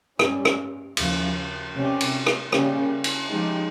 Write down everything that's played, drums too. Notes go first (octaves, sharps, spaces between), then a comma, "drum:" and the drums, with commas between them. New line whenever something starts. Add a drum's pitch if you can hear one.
G2 G3 C#4, drum: rim click
drum: rim click
D#2 C#3 F3, drum: cymbal
C3 G3 C#4 G4
drum: cymbal
drum: rim click
C#3 G3 A#3 C#4 G4, drum: rim click
drum: cymbal
F3 G#3 D#4 G4